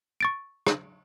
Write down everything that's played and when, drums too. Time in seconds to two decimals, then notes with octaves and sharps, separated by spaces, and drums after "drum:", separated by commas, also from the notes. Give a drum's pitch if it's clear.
0.21 C#6 A6 D7
0.67 drum: rim click